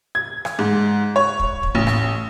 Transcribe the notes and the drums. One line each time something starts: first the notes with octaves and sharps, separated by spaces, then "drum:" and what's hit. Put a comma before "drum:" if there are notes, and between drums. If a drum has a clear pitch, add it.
G#6
drum: rim click
G#2
C#5
drum: kick
drum: kick
A1
drum: rim click